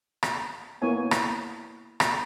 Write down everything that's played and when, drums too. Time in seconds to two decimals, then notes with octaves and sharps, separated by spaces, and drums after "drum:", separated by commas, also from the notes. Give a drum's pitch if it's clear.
0.23 drum: rim click
0.82 A#3 B3 E4 C#5 G#5
1.11 drum: rim click
2.00 drum: rim click